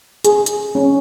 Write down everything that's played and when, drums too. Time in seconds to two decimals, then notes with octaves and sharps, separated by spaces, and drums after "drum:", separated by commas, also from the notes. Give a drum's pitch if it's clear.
0.25 G#4, drum: hi-hat
0.46 drum: hi-hat
0.75 C#4